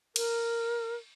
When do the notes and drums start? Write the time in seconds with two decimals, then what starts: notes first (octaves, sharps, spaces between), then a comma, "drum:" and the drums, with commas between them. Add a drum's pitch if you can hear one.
0.16 A#4, drum: cymbal